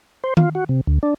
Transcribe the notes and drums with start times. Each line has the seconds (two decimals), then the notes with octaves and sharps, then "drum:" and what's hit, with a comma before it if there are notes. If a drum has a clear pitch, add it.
0.24 C5
0.37 F4, drum: tom D#3
0.55 F#4
0.69 C3
0.87 D2
1.03 D4